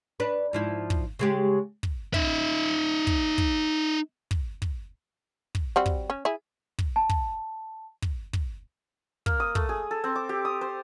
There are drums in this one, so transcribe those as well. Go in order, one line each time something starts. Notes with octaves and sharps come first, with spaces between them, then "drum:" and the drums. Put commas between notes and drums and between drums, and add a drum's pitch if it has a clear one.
D4 B4
G#2 F3 E4
drum: kick
C#3 G#3 G4
drum: kick
D#4 E5, drum: kick
drum: kick
drum: kick
drum: kick
drum: kick
drum: kick
G3 C4 F#4
drum: kick
C#4
E4 G#4
drum: kick
A5
drum: kick
drum: kick
drum: kick
A#3, drum: kick
D#6
A3, drum: kick
G#4
A4
C4
D6
G4
D#6
C5